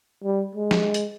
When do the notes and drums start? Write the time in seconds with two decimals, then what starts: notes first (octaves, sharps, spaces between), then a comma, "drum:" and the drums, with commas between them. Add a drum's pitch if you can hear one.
0.24 G3
0.56 G#3
0.71 drum: snare
0.94 drum: hi-hat